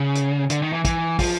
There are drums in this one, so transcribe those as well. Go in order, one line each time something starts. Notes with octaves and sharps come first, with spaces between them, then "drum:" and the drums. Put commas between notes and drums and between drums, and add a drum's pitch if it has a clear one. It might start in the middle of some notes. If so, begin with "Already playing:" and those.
Already playing: C#3
drum: hi-hat
D3, drum: hi-hat
D#3
E3
E3, drum: kick, hi-hat
F3, drum: kick, open hi-hat